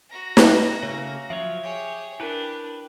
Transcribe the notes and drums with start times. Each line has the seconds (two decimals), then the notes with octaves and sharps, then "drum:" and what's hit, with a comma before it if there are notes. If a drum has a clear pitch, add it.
0.10 F#4 A#5
0.37 drum: snare
0.83 C#3 A3 A#3 C#5
1.30 F3 F#3 C#5 E5
1.63 G4 G#4 C#5
2.20 D4 E4 G4 A#4 B4